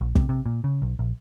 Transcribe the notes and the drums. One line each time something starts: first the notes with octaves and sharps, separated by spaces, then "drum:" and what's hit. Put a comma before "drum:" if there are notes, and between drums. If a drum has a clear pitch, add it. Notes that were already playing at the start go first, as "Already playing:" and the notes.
A#1
C3, drum: kick
C3
A#2
C#3
B1
A#1